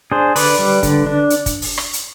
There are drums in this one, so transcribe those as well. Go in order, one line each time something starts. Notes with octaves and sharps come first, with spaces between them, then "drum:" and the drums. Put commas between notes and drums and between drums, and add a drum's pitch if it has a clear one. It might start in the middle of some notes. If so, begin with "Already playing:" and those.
D4 G#4 C5
D3 B4 D5, drum: open hi-hat
G3
D3, drum: kick, hi-hat
D4
drum: hi-hat
drum: kick, hi-hat
drum: open hi-hat
drum: rim click
drum: hi-hat